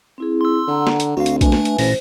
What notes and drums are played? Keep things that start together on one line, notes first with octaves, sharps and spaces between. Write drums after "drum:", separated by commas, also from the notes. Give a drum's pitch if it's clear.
C4 E4 G#4
C6 E6
D3 F#5 A#5
drum: snare
drum: hi-hat
D2 C4 F#4 F5
drum: hi-hat
A3 D4 B4 E5 G#5, drum: kick, hi-hat
drum: snare
drum: hi-hat
A1 A#2 C5 A#6, drum: open hi-hat